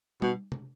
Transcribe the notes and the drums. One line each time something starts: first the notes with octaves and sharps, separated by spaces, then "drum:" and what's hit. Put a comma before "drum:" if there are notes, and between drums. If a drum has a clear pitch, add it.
B2, drum: tom
drum: tom